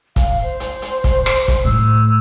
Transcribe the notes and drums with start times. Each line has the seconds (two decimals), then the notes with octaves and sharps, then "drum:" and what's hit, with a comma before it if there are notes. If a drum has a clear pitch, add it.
0.16 F5, drum: kick, hi-hat
0.43 C5
0.60 drum: hi-hat
0.82 drum: hi-hat
1.04 drum: kick, hi-hat
1.26 drum: rim click
1.48 drum: kick, hi-hat
1.65 A2 E6